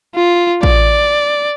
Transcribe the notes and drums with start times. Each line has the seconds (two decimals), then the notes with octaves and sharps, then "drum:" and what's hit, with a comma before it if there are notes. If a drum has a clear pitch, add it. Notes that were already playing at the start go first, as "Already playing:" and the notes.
0.15 F4
0.63 D5, drum: kick A1